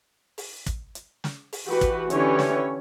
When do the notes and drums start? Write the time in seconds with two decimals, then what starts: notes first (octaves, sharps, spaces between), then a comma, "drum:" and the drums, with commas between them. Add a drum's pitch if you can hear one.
0.38 drum: open hi-hat
0.66 drum: kick, hi-hat
0.95 drum: hi-hat
1.24 drum: snare
1.53 drum: open hi-hat
1.66 E3 F#4 G4 B4
1.81 drum: kick, hi-hat
2.10 D3 E3 C#4 G4 C#5, drum: hi-hat
2.39 drum: snare